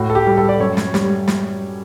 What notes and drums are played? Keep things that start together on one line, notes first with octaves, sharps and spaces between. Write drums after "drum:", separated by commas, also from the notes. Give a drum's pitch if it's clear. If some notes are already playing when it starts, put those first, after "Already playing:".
Already playing: A2 F#4
A4
G4
G3
A4
D5
F#2 C#5
drum: snare
G3, drum: snare
drum: snare